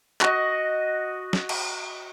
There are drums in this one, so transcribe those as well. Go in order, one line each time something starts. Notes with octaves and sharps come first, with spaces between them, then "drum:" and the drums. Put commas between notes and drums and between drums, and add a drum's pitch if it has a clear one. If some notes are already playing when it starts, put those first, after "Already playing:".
F#4 D#5, drum: clap
drum: snare
drum: cymbal